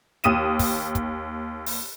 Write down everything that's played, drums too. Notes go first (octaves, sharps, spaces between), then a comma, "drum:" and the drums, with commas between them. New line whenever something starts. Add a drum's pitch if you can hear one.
D#2 D#6 D#7 E7, drum: hi-hat
drum: kick, open hi-hat
drum: kick, hi-hat
drum: open hi-hat